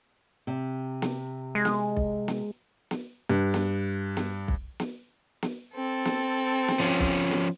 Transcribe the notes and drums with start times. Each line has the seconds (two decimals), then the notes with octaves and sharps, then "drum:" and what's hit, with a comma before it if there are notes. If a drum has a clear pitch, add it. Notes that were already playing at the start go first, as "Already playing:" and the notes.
0.47 C3
1.02 drum: snare
1.55 G#3
1.65 drum: snare
1.96 drum: kick B1
2.28 drum: snare
2.91 drum: snare
3.30 G2
3.54 drum: snare
4.17 drum: snare
4.48 drum: kick B1
4.80 drum: snare
5.42 drum: snare
5.74 C4 A4
6.05 drum: snare
6.68 drum: snare
6.80 F3 C#4
7.00 drum: kick B1
7.31 drum: snare